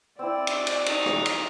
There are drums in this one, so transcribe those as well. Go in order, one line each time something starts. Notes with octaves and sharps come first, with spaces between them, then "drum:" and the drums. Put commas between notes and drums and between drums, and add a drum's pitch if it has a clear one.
C4 E4 D5
drum: cymbal
drum: cymbal
D#4, drum: cymbal
drum: rim click
drum: cymbal